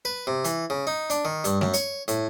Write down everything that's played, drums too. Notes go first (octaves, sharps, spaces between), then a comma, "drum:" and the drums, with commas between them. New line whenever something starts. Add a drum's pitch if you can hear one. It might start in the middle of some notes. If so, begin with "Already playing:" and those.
B4
C3
E3, drum: hi-hat
C#3
D#4
D4, drum: hi-hat
D#3
G2, drum: hi-hat
F#2, drum: snare A3
C#5, drum: hi-hat
A2, drum: hi-hat